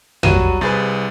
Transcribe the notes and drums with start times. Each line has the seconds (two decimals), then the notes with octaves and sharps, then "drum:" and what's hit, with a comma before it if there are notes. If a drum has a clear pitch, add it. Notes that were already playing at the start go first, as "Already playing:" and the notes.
0.23 F#3 G3 F#4 D#7 E7, drum: tom
0.61 C2 G#4 B4 C5 G6 A6